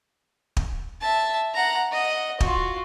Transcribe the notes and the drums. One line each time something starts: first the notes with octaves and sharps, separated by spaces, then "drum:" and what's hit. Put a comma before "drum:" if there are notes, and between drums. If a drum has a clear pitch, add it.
drum: kick
E5 A5
F#5 A#5
D#5 F#5
F4 F#4, drum: kick